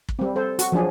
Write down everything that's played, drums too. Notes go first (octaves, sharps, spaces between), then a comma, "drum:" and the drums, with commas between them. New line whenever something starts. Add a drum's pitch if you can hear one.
drum: kick
G3 C4
A4 C5
F#4, drum: hi-hat
F3 F#3 D4 G#4